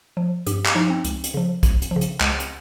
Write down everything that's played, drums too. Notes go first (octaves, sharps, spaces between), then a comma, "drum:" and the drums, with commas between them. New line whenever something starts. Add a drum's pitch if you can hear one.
F3
G2 G4, drum: hi-hat
drum: clap
F3 D#4
C4
C#2, drum: hi-hat
drum: hi-hat
C#3 F3
C#2, drum: kick, hi-hat
drum: hi-hat
C#3 F3
drum: hi-hat
C#2, drum: clap
drum: hi-hat